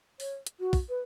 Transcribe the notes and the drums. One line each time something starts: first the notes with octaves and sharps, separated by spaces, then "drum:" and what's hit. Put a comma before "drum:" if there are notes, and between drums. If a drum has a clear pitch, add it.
C#5, drum: open hi-hat
drum: hi-hat
F#4
drum: kick, open hi-hat
B4